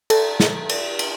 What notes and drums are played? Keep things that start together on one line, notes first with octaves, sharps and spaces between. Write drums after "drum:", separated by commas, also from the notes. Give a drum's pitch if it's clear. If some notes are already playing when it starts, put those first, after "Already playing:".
A4, drum: cymbal
drum: snare
drum: cymbal
drum: cymbal